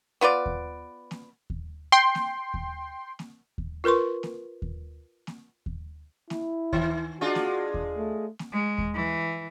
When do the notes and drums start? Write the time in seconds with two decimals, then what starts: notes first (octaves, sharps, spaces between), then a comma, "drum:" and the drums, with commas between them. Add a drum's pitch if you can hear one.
0.21 B3 F4 B4 D5
0.46 drum: kick D#2
1.11 drum: snare A#3
1.50 drum: kick D#2
1.92 G5 C6
2.15 drum: snare A#3
2.54 drum: kick D#2
3.19 drum: snare A#3
3.58 drum: kick D#2
3.84 F4 A#4 B4 C6 C#6
4.23 drum: snare A#3
4.62 drum: kick D#2
5.27 drum: snare A#3
5.66 drum: kick D#2
6.30 E4, drum: snare A#3
6.73 D#3, drum: kick D#2
7.21 G#3 D4 F4 F#4
7.35 drum: snare A#3
7.74 drum: kick D#2
7.97 A3
8.39 drum: snare A#3
8.52 G#3
8.78 drum: kick D#2
8.95 E3